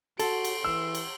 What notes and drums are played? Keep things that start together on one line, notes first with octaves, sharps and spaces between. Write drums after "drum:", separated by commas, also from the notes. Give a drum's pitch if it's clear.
F#4 A4 C6 D7, drum: cymbal
drum: cymbal
E3 E6
drum: cymbal